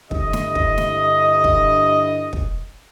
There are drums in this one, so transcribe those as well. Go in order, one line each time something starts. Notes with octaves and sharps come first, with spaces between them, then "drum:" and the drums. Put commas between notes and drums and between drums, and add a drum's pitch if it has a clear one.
G2 D3 E4 G4 D#5, drum: kick
drum: snare
drum: kick
drum: snare
drum: kick
drum: kick